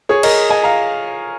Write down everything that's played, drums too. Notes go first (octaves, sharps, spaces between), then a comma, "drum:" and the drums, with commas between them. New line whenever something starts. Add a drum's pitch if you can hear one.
G#4 C#5
A#4 D#5, drum: cymbal
D#5 G#5
F5 A#5